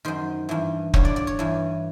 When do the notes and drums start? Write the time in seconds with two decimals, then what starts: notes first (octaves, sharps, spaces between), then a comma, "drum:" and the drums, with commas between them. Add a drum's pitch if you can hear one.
0.05 F#2 D#3 C5
0.49 G2 E3
0.94 G2 D3 C#5, drum: kick
1.05 D5
1.16 D5
1.27 C#5
1.39 G2 E3